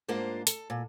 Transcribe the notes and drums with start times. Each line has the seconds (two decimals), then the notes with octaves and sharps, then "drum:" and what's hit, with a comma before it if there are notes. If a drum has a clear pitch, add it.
0.08 G#2 A#3 D4 F4 C5 A5
0.47 A4, drum: hi-hat
0.70 A#2